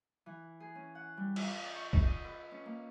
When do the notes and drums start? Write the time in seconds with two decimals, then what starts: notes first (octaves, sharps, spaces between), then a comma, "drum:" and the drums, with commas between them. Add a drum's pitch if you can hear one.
0.26 E3
0.60 G#4
0.75 C#4
0.95 F#5
1.17 G3
1.36 F4, drum: cymbal
1.57 D#5
1.75 C#6
1.93 drum: kick B1
2.06 D#5
2.25 B4
2.51 C#4
2.66 A#3